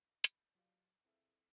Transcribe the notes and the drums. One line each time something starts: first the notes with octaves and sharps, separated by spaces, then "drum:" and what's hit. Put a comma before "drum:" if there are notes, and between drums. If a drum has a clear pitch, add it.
B5 G6 A6, drum: hi-hat
F#3 F4 G4 D5 F5
C4 E4 G#4 A4 E5 F5